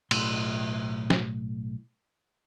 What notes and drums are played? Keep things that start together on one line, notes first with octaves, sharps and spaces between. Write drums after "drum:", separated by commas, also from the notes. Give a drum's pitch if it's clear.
B1 A2 C6, drum: cymbal
drum: snare